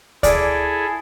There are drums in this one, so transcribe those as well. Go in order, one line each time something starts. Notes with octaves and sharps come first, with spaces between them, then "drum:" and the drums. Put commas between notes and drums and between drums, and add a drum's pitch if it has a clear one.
E4 G#4 A4 D5, drum: kick D2, hi-hat